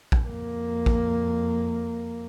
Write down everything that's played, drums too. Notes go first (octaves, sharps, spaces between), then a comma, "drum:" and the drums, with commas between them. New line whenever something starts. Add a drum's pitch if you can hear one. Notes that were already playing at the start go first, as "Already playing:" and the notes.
drum: kick A#1
F2 A#3
drum: kick A#1